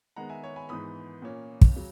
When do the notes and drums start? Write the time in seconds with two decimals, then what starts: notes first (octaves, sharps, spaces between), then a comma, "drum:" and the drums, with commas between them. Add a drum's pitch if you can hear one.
0.16 D#3 G#3 B3 F#5 A#5
0.29 E5 G#5
0.44 C#5
0.56 G#5 B5
0.69 G#2 E3 B3 B5 D#6
1.22 A#2 A#3 C#4
1.61 drum: kick
1.76 C#3 F#3